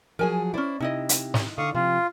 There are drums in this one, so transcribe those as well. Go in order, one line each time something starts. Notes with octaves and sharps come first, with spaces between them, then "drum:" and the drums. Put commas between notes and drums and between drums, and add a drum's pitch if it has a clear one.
F3 F#3 G#4 A#4 G#5
C#4 E4 C5 D5
C3 D#4 E4 D#5
drum: hi-hat
drum: snare
D3 F5 C#6 D#6
C3 F3 F4